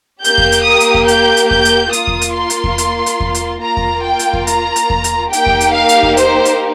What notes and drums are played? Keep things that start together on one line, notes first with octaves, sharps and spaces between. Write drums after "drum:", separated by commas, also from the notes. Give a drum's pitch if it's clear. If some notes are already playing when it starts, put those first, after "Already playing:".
A#3 G4 G6, drum: hi-hat
drum: kick E2
drum: hi-hat
D#6
drum: hi-hat
drum: kick E2
G6, drum: hi-hat
drum: hi-hat
G6, drum: kick E2
drum: hi-hat
A#3 F4 D#6, drum: hi-hat
drum: kick E2
drum: hi-hat
C6
drum: hi-hat
drum: kick E2
drum: hi-hat
drum: hi-hat
drum: kick E2
drum: hi-hat
A#3 F4 A#5
drum: kick E2
G5
drum: hi-hat
drum: kick E2
A#5, drum: hi-hat
drum: hi-hat
drum: kick E2
drum: hi-hat
A#3 D#4 G4 G5, drum: hi-hat
drum: kick E2
drum: hi-hat
F5
drum: hi-hat
drum: kick E2
C5, drum: hi-hat
drum: hi-hat